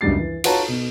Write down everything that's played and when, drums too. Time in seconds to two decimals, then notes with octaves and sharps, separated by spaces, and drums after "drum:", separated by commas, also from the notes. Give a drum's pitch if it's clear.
0.01 C#2 F#2 G3 D4 A6 C7
0.19 E3
0.44 F4 F#4 B4 C#5 A5 A#5, drum: cymbal
0.68 B2